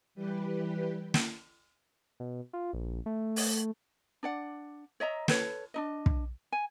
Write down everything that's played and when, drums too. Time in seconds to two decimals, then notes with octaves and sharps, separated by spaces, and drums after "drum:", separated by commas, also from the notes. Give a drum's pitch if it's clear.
0.15 E3 G3 G4 B4
1.14 drum: snare
2.20 B2
2.53 F4
2.73 A#1
3.06 A3
3.36 drum: open hi-hat
4.23 D4 D5 F#5
5.00 C#5 D#5 E5 A#5
5.28 A4 B4 C#5, drum: snare
5.74 D4 D#4 D#5
6.06 drum: kick
6.52 G#5